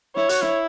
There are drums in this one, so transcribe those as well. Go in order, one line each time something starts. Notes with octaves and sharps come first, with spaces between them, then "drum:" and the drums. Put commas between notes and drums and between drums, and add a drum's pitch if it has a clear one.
E4 C#5, drum: snare
F#4, drum: hi-hat
E4, drum: snare